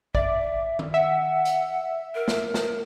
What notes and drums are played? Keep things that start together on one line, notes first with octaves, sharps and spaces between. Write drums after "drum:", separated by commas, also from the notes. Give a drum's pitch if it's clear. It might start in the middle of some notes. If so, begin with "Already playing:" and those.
D5 E5, drum: kick A1
drum: tom
E5 F#5
drum: hi-hat
A#4
drum: snare
drum: snare